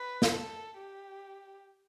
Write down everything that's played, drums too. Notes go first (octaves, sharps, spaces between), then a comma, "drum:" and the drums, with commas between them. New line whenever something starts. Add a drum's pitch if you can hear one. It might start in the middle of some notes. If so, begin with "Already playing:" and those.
Already playing: B4
drum: snare
A4
G4